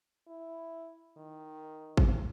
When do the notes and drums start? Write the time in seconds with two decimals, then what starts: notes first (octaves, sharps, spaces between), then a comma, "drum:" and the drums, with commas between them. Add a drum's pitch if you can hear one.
0.28 E4
1.17 D#3
1.97 drum: kick G#1